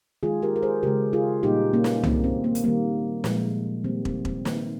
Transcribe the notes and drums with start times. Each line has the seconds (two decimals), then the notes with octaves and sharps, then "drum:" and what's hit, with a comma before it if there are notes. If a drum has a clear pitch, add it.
0.23 D#3 G#3 F4 G#4
0.42 G4 A#4
0.56 A#4
0.62 G#4 C5
0.83 C#3 G#3 G4 A#4
1.13 F4 G#4
1.43 A#2 G3 A#3 D#4 G4
1.73 A#3 C#4
1.84 drum: snare
2.03 D#3 A#3 C4, drum: tom C2
2.24 C4
2.44 A#3
2.55 drum: hi-hat
2.64 D#3 G3 A#3
3.24 A#2 F3 G#3, drum: snare
3.84 D#3 G3 A#3 C4
4.05 C4, drum: kick
4.25 C4, drum: kick
4.45 D#3 A#3, drum: snare